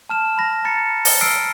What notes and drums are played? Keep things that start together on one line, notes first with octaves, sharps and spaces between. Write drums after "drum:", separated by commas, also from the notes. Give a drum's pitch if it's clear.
A5 F6 E7
B5 A#6
A#5 A6 C#7
drum: open hi-hat
E6 F6 C7 D7